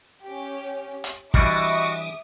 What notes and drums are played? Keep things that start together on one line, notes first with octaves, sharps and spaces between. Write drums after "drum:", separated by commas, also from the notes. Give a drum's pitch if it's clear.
C#4 G4
drum: hi-hat
E3 G3 D4 F#4 D#5 E5 D6 D#6, drum: kick